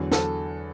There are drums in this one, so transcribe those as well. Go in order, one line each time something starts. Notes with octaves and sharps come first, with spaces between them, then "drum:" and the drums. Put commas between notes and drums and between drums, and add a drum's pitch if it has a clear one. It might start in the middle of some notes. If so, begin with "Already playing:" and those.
Already playing: E2 D3 F#3
A4, drum: snare